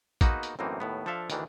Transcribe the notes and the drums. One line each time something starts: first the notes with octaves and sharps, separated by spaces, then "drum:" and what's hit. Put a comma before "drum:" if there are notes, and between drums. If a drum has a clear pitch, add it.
A#3 B3 D#4 F#4 G#4 B4, drum: kick, hi-hat
drum: hi-hat
F#2 A2 E3 A#3 C4 D#4
D#2 A2 B3
F3 D4 A4 E5 F5
D2 D#3 E3 D4, drum: hi-hat